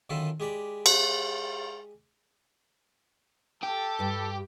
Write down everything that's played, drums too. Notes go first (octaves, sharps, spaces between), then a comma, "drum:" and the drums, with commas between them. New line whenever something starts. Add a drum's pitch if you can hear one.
F#2 D3 D#3 F4 A4 B5
G#3 G4 D5 B5
drum: cymbal
G4 A4
G2 G3